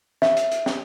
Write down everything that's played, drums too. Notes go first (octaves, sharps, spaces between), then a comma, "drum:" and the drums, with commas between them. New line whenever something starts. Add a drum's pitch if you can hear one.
E5, drum: snare
drum: hi-hat
drum: hi-hat
drum: snare